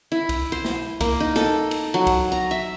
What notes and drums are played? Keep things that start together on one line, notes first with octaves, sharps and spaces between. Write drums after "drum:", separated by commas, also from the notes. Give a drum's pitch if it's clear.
E4
drum: kick C2, cymbal
C5
drum: snare
A#3, drum: kick C2, cymbal
D#4
A4, drum: snare
drum: cymbal
F#3
drum: kick C2, cymbal
A#5
E5